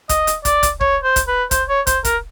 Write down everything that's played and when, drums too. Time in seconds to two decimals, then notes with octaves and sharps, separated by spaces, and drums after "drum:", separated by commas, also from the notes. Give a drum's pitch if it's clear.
0.09 D#5, drum: kick, hi-hat
0.27 drum: hi-hat
0.45 D5, drum: kick, hi-hat
0.63 drum: kick, hi-hat
0.81 C#5, drum: kick
1.04 C5
1.16 drum: kick, hi-hat
1.27 B4
1.51 C5, drum: kick, hi-hat
1.69 C#5
1.87 C5, drum: kick, hi-hat
2.05 A#4, drum: kick, hi-hat